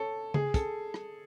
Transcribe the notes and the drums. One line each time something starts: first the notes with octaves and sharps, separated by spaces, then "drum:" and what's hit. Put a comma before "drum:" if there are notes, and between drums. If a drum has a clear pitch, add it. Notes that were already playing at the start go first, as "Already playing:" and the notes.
Already playing: A4 C#5
G#4, drum: tom C#3
A4, drum: kick, hi-hat
drum: rim click